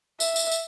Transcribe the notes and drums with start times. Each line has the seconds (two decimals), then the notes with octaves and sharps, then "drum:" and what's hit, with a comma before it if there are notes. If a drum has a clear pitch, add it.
0.20 E5, drum: tambourine
0.36 drum: tambourine
0.52 drum: tambourine